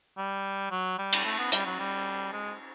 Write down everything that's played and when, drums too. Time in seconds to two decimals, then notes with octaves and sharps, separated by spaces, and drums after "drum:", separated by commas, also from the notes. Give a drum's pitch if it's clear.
0.18 G3
0.71 F#3
0.99 G3
1.13 drum: cymbal
1.25 A3
1.39 B3
1.52 G3, drum: hi-hat
1.66 F#3
1.79 G3
2.33 G#3